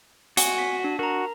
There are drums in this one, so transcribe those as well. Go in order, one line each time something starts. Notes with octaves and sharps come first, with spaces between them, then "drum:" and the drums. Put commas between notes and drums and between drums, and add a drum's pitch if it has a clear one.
F#4 G#5, drum: hi-hat
B6
D4
F#4 A#4 A#5